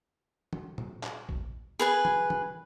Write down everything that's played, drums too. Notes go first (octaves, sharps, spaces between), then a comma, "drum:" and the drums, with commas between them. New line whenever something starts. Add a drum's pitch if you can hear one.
drum: tom E3
drum: tom A#2
drum: clap
drum: kick A#1
G#4 B4 G#5
drum: tom E3
drum: tom E3